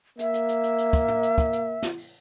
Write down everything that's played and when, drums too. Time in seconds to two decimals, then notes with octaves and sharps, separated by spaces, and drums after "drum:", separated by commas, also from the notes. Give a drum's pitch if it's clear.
0.19 A#3 E5, drum: hi-hat
0.34 drum: hi-hat
0.49 drum: hi-hat
0.63 drum: hi-hat
0.78 drum: hi-hat
0.93 drum: kick, hi-hat
1.08 drum: tom
1.23 drum: hi-hat
1.38 drum: kick, hi-hat
1.53 drum: hi-hat
1.82 drum: snare
1.97 drum: open hi-hat